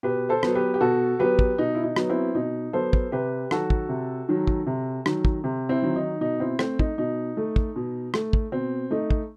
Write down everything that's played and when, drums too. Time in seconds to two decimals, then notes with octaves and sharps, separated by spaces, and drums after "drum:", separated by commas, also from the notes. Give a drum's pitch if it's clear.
0.03 B2 G4 B4
0.29 A4 C5
0.43 F#3 B3, drum: rim click
0.55 G4 B4
0.74 G4
0.81 B2 F#4 A4
1.19 F#3 B3 G4 B4
1.39 drum: kick
1.58 B2 D#4
1.75 E4
1.84 D#4
1.96 F#3 B3, drum: rim click
2.09 C4 E4
2.35 B2 D#4
2.73 F#3 B3 A4 C5
2.93 drum: kick
3.12 C3 G4 B4
3.51 D#3 F#3 F#4 A4, drum: rim click
3.70 drum: kick
3.89 C3
4.29 D#3 F#3
4.47 drum: kick
4.66 C3
5.06 D#3 F#3, drum: rim click
5.25 drum: kick
5.44 C3
5.69 C4 E4
5.82 D#3 F#3
5.96 D#4
6.21 B2 D#4
6.40 C4 E4
6.59 A3 C4, drum: rim click
6.79 D#4, drum: kick
6.98 B2 D#4
7.37 A3
7.56 drum: kick
7.76 B2
8.14 A3, drum: rim click
8.33 drum: kick
8.52 B2 C4
8.91 A3 D#4
9.10 drum: kick